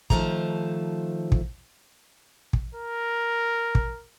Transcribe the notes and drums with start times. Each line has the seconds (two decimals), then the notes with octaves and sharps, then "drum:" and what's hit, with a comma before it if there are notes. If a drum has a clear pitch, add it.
0.10 D#3 F3 A3 C5 A#5, drum: kick
1.32 drum: kick
2.53 drum: kick
2.74 A#4
3.75 drum: kick